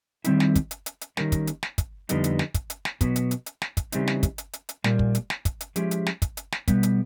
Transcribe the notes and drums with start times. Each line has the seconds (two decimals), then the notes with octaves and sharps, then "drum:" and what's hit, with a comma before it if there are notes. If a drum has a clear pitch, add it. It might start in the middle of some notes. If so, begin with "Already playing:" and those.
0.24 D#3 G3 C4 E4, drum: hi-hat
0.40 drum: snare
0.55 drum: kick, hi-hat
0.71 drum: hi-hat
0.86 drum: hi-hat
1.01 drum: hi-hat
1.17 D#3 G3 A#3 C#4, drum: snare
1.32 drum: kick, hi-hat
1.47 drum: hi-hat
1.63 drum: snare
1.78 drum: kick, hi-hat
2.09 F2 D3 G3 B3 D#4, drum: hi-hat
2.24 drum: hi-hat
2.39 drum: snare
2.54 drum: kick, hi-hat
2.70 drum: hi-hat
2.85 drum: snare
3.01 B2 F#3 B3, drum: kick, hi-hat
3.16 drum: hi-hat
3.31 drum: hi-hat
3.46 drum: hi-hat
3.62 drum: snare
3.77 drum: kick, hi-hat
3.92 C#3 E3 G3 C4 D#4, drum: hi-hat
4.07 drum: snare
4.23 drum: kick, hi-hat
4.38 drum: hi-hat
4.53 drum: hi-hat
4.69 drum: hi-hat
4.84 A#2 G3 A#3, drum: snare
4.99 drum: kick
5.15 drum: hi-hat
5.30 drum: snare
5.45 drum: kick, hi-hat
5.61 drum: hi-hat
5.76 F3 G#3 C#4 E4 G4, drum: hi-hat
5.91 drum: hi-hat
6.06 drum: snare
6.22 drum: kick, hi-hat
6.37 drum: hi-hat
6.52 drum: snare
6.68 B2 G3 B3, drum: kick, hi-hat
6.83 drum: hi-hat